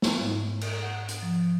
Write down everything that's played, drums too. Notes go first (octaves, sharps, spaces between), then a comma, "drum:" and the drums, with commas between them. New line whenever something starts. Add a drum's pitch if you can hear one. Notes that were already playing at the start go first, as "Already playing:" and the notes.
B3, drum: snare
G#2
drum: cymbal
F#5
drum: hi-hat
F3